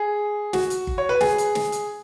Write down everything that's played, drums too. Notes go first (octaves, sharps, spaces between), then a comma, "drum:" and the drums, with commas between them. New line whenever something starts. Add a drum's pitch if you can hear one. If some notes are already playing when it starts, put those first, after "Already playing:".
Already playing: G#4
F#4, drum: snare
drum: hi-hat
drum: kick G1
C#5
B4
G#4, drum: snare
drum: hi-hat
drum: snare
drum: hi-hat